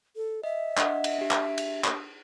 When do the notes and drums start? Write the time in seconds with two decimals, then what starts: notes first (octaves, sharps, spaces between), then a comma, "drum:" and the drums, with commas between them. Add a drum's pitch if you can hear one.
0.16 A4
0.44 D#5 E5
0.77 D4 D#5 F#5, drum: clap
1.04 drum: cymbal
1.18 D4 G4
1.31 drum: clap
1.58 drum: cymbal
1.84 drum: clap